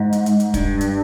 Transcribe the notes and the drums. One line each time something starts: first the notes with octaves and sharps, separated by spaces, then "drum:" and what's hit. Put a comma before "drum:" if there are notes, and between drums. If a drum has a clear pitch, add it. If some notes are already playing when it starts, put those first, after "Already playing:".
Already playing: G#2
drum: hi-hat
drum: hi-hat
drum: hi-hat
G2, drum: kick, hi-hat
drum: hi-hat